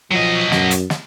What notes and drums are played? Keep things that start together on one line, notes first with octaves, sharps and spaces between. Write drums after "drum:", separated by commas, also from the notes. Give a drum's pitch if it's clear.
F3 F#3 D#5
F#2, drum: snare
drum: hi-hat
drum: snare